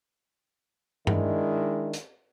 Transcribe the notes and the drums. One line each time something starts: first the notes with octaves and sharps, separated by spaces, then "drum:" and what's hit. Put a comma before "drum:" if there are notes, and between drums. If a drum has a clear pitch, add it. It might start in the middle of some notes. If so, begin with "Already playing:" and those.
D#3 G#3 D4 E4, drum: tom G2
drum: hi-hat